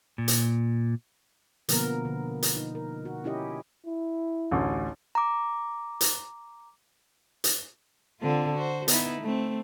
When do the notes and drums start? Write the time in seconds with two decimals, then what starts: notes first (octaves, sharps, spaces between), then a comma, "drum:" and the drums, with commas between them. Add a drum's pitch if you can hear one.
0.18 A#2
0.28 drum: hi-hat
1.69 B2 D3 F3 A#3 B3 A#4, drum: hi-hat
2.05 D3
2.43 drum: hi-hat
2.56 D#4
2.75 A#4
3.05 F#4
3.24 C#4 E4 G4 D#5
3.86 E4
4.51 A1 D2
5.15 A#5 D6
6.01 drum: hi-hat
7.44 drum: hi-hat
8.20 D3 C4 F4
8.54 F#4 C5
8.88 B3 D#4 E4, drum: hi-hat
9.21 A3 C4